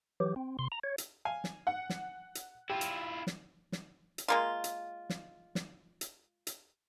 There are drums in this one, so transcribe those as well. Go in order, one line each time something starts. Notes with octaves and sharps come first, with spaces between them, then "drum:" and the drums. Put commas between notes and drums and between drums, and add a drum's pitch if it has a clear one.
E3 F#3 G4
C4
C3 C6
A#5
C#5
drum: hi-hat
F5 G#5
drum: snare
F#5
drum: snare
drum: hi-hat
E4 F4 G4
drum: hi-hat
drum: snare
drum: snare
drum: hi-hat
G#3 A#3 F4
drum: hi-hat
drum: snare
drum: snare
drum: hi-hat
drum: hi-hat